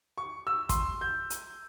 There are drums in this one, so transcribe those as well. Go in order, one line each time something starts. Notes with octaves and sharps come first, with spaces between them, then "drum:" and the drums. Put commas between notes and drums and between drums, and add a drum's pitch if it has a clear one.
C#6
E6
C6, drum: kick, hi-hat
G6
drum: hi-hat